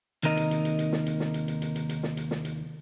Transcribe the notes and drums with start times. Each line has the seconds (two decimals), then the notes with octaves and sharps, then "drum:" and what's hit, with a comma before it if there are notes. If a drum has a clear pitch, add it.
0.23 D#2 C3 D#3 A#4 D#5, drum: hi-hat
0.37 drum: hi-hat
0.51 drum: hi-hat
0.65 drum: hi-hat
0.79 drum: hi-hat
0.92 drum: snare
1.06 drum: hi-hat
1.20 drum: snare
1.34 drum: hi-hat
1.48 drum: hi-hat
1.62 drum: hi-hat
1.76 drum: hi-hat
1.89 drum: hi-hat
2.03 drum: snare
2.17 drum: hi-hat
2.31 drum: snare
2.45 drum: hi-hat